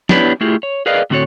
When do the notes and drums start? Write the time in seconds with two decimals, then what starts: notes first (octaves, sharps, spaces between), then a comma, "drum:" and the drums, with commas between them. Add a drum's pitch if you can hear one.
0.09 B3 D4 E4 G4 B4 C#5, drum: snare
0.41 A3 E4 F4 G4 G#4
0.63 C#5
0.86 G#4 A#4 B4 D5 D#5 F5
1.10 A2 D3 C4 F#4 A4 C#5